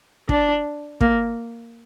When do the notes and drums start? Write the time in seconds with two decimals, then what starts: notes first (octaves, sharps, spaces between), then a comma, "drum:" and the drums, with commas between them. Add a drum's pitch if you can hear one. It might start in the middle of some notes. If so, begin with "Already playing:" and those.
0.29 D4, drum: kick
1.01 A#3, drum: kick